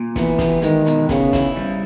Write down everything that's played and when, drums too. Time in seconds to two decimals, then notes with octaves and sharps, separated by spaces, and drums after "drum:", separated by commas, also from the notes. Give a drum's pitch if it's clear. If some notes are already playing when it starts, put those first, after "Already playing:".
Already playing: A#2
0.16 E3 B3, drum: snare
0.39 G4, drum: snare
0.62 D#3 G#3, drum: hi-hat
0.86 B2, drum: hi-hat
1.09 C#3 B3, drum: snare
1.33 E4, drum: snare
1.56 G3